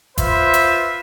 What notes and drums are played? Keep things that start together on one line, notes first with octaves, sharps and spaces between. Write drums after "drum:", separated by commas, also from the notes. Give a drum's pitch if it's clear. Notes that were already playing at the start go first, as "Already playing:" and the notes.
F4 B4 C5 E5, drum: kick, hi-hat
drum: hi-hat